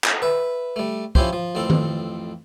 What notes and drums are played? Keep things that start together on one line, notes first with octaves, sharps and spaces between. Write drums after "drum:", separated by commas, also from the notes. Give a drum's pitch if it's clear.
drum: clap
B4 E5
G3 A3
F3 C#4 E4 G4 C5, drum: kick
F3
A1 F2 C4 A4
drum: tom D#3